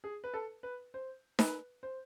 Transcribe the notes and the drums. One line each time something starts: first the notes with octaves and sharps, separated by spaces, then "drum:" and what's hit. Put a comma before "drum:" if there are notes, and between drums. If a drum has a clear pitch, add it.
G#4
B4
A4
B4
C5
B4, drum: snare D#4
C5